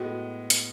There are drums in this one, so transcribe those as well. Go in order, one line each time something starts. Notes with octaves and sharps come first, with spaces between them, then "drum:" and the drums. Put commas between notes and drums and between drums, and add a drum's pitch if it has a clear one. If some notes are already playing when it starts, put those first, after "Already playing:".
Already playing: A2 G#3 B3 F#4 A4
drum: hi-hat